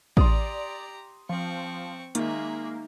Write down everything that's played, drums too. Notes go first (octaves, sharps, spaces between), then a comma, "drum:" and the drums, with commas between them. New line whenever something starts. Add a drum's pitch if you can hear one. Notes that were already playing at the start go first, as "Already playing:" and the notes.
G4 D5 A#5 C6 D#6, drum: kick
F3 C4 C#6
D#3 G#3 A#3 E5, drum: hi-hat